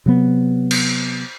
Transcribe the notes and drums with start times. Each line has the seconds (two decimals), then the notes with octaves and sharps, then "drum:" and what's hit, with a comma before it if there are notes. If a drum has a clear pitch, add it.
0.06 C3 F#3 B3
0.71 drum: cymbal